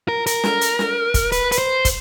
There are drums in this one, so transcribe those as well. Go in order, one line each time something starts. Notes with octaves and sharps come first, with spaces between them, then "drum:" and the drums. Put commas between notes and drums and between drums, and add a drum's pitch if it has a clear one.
A#4
A#4, drum: hi-hat
drum: snare
drum: hi-hat
drum: snare
drum: kick, hi-hat
B4, drum: hi-hat
B4, drum: hi-hat
C5
drum: kick, hi-hat